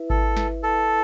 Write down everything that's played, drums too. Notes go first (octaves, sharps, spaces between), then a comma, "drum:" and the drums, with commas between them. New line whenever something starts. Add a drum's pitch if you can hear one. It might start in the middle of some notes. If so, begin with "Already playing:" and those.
Already playing: E4 B4 E5
A4, drum: kick G#1
drum: snare
A4